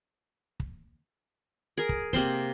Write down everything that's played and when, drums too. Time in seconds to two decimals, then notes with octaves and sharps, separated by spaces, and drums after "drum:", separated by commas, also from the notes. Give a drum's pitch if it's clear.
0.60 drum: kick
1.77 G#4 A#4
1.89 drum: kick
2.13 C3 A#3 C4 C5, drum: kick